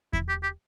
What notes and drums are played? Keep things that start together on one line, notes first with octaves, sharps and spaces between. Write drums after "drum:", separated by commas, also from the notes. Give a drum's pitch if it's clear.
E4, drum: kick E2
G4
G4